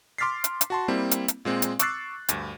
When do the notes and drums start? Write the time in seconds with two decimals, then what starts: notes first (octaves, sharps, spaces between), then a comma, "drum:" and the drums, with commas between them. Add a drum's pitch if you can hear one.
0.18 C6 D6 F6 A6 B6 C7
0.44 drum: hi-hat
0.61 drum: hi-hat
0.70 F#4 A5 C6
0.88 G3 A#3 C4 E4
1.11 drum: hi-hat
1.28 drum: hi-hat
1.45 A#2 G#3 C4
1.62 drum: hi-hat
1.79 C#6 D6 E6 F#6 A6 C7, drum: hi-hat
2.29 D2 G2, drum: hi-hat